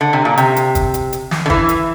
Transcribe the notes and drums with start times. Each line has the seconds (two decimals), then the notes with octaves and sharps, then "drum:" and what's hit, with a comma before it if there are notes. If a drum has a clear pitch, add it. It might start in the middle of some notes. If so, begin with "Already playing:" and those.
0.01 D3
0.13 C3
0.25 A#2
0.37 C3, drum: hi-hat
0.56 drum: hi-hat
0.75 drum: kick, hi-hat
0.94 drum: hi-hat
1.13 drum: hi-hat
1.31 drum: snare
1.46 D3
1.50 E3, drum: kick
1.69 drum: hi-hat